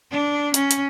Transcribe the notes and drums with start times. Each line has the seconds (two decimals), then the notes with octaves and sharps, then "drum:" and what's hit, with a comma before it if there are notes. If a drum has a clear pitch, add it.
0.12 D4
0.54 C#4, drum: hi-hat
0.71 drum: hi-hat